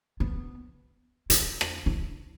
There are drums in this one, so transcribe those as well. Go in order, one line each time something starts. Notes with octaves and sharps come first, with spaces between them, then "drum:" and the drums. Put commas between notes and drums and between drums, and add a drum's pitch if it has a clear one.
B3
E4, drum: hi-hat
drum: rim click
E4